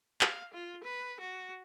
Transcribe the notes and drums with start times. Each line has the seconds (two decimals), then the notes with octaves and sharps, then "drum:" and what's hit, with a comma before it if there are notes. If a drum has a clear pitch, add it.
0.21 F5, drum: clap
0.53 F4
0.84 B4
1.20 F#4